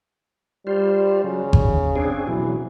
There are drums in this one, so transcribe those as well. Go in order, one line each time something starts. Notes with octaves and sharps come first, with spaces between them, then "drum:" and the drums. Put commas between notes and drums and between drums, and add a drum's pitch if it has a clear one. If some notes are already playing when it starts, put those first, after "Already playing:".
G3 F4 C5
C#3 F#3
D#2, drum: kick G1
C4 D4 G#4
B2 E3 F#3